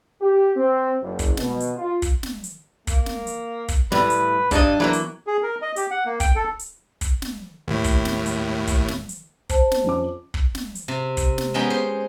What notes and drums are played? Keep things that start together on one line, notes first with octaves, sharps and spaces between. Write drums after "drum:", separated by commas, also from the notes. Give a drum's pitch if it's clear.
G4
C4
F#1
drum: kick, hi-hat
B2, drum: snare
drum: hi-hat
F4
drum: kick, hi-hat
drum: snare
drum: hi-hat
A#3, drum: kick, hi-hat
drum: snare
drum: hi-hat
drum: kick, hi-hat
A2 G3 B4, drum: snare
drum: hi-hat
G2 D4 D#4 D#5, drum: kick, hi-hat
E3 F#3 A#3
drum: hi-hat
G#4
A#4
D#5
G4, drum: hi-hat
F#5
A#3
G5, drum: kick, hi-hat
A4
drum: hi-hat
drum: kick, hi-hat
drum: snare
D#2 A2
drum: kick, hi-hat
drum: snare
drum: hi-hat
drum: kick, hi-hat
drum: snare
drum: hi-hat
C5 A5, drum: kick, hi-hat
drum: snare
F2 C#4 D6
drum: kick
drum: snare
drum: hi-hat
C3
drum: kick, hi-hat
drum: snare
G#3 B3 C#4 D#4 G5
C5